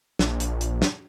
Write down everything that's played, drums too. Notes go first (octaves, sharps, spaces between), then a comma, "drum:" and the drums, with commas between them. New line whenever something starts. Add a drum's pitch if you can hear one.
A#1, drum: snare
drum: hi-hat
drum: hi-hat
drum: snare